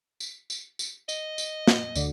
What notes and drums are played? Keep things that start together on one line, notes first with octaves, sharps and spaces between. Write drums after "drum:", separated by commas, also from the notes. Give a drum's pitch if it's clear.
drum: tambourine
drum: tambourine
drum: tambourine
D#5, drum: tambourine
drum: tambourine
drum: snare
D2 D3, drum: tambourine